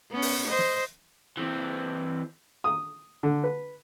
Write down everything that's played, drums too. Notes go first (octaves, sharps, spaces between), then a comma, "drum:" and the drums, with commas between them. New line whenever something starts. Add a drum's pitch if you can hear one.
B3 C#4
drum: open hi-hat
C5 D#5
drum: snare
E3 C4
D#6
D3
B4